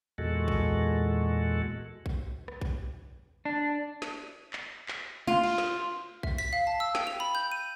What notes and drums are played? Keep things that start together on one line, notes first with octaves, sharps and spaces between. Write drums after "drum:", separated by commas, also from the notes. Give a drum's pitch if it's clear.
E2 A#2 G#3 F#4 A4
drum: kick A#1
drum: kick A#1
drum: rim click
drum: kick A#1
D4
drum: snare
drum: clap
drum: clap
F4, drum: tom
drum: cymbal
drum: snare
E5, drum: kick A#1
B6, drum: tambourine
F5
A5
E6
G5, drum: snare
F7
B5
G6
D#7